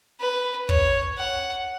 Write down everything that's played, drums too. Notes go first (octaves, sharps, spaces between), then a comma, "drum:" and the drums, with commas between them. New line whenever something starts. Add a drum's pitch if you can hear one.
B4
C#5, drum: kick
F#5